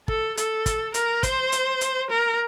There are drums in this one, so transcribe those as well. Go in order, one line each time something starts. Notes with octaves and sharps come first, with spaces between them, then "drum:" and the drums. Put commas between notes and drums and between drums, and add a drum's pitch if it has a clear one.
A4, drum: kick
A4, drum: hi-hat
drum: kick, hi-hat
A#4, drum: hi-hat
C5, drum: kick, hi-hat
drum: hi-hat
drum: hi-hat
A#4